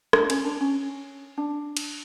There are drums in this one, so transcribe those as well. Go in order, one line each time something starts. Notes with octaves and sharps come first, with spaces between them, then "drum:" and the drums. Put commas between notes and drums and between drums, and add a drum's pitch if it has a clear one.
D4, drum: rim click
C#4, drum: cymbal
D4
C#4
D4
drum: cymbal